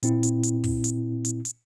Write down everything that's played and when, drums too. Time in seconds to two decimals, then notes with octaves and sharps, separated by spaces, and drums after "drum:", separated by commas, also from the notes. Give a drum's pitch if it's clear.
0.03 A#2 C4 E4, drum: hi-hat
0.23 drum: hi-hat
0.43 drum: hi-hat
0.64 drum: kick, open hi-hat
0.84 drum: hi-hat
1.25 drum: hi-hat
1.45 drum: hi-hat